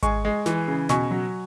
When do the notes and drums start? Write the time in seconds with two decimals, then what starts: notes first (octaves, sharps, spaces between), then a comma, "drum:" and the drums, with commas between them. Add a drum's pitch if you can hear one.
0.03 G#3 G#5 C#6, drum: kick G#1, hi-hat
0.25 G#3
0.46 E3, drum: snare
0.68 C#3
0.89 B2 G#5 C#6, drum: snare
1.11 F#3